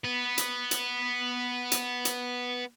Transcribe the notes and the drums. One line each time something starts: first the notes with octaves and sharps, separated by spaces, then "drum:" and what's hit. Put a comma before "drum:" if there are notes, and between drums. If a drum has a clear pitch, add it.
B3 B4
drum: hi-hat
drum: hi-hat
drum: hi-hat
drum: hi-hat